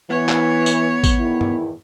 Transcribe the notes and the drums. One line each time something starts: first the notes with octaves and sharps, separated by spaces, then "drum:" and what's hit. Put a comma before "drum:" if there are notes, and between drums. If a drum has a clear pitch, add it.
E3 B3 C#5
drum: clap
drum: tambourine
drum: kick A1, tambourine
E2 D#3 E4
drum: tom